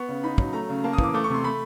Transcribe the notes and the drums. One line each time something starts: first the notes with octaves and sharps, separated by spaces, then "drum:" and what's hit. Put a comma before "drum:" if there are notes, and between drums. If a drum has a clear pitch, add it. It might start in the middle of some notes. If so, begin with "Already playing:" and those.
Already playing: B3 C#6
C#3
D#4 B5
F#3, drum: kick
A3 A#5
C#3
A#3 A5
D#6
E3 D6, drum: kick
A3 D6
C#6
C3 C6
A3 B5